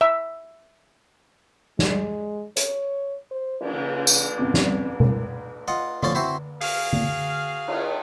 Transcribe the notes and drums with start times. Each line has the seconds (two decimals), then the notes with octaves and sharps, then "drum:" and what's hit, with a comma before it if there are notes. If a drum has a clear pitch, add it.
0.01 E5
1.79 G#3, drum: snare
2.57 C#5, drum: hi-hat
3.31 C5
3.60 drum: cymbal
3.73 C#3
4.07 drum: tambourine
4.38 G1 C3 C#4 D6
4.54 drum: snare
5.00 A#4, drum: tom B2
5.68 F4 D#5 F#5
6.03 D3 F3 C#4 D5 C6, drum: tom D3
6.15 C4 E4 F#4 C5 C6
6.61 F#4 G#4 F5, drum: open hi-hat
6.93 drum: tom D3
7.68 drum: cymbal